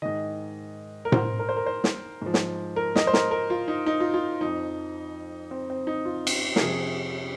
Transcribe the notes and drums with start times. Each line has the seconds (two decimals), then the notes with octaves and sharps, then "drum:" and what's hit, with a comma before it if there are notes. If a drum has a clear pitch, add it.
0.02 G#2 D#3 D#5
1.05 A#4
1.12 C5, drum: tom A2
1.39 A#4
1.49 C5
1.57 A#4
1.66 C5
1.84 drum: snare
2.22 G#2 F3
2.34 drum: snare
2.76 A#4
2.96 D#5, drum: snare
3.07 C5
3.13 A#4, drum: snare
3.31 A#4
3.50 F4
3.68 D#4
3.86 D#4
4.00 F4
4.14 F4
4.41 F2 F3 D#4
5.51 C4
5.70 C4
5.87 D#4
6.05 F4
6.27 drum: cymbal
6.56 A#4, drum: snare
6.60 F2 C3 F3 G#4